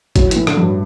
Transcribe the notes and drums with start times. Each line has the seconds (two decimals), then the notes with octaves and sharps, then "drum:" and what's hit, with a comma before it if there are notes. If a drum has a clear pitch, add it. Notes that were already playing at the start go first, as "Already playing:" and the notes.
0.16 A2 F#3, drum: kick G#1, hi-hat
0.31 E3, drum: hi-hat
0.36 A2
0.47 D3, drum: rim click
0.57 G2 F#3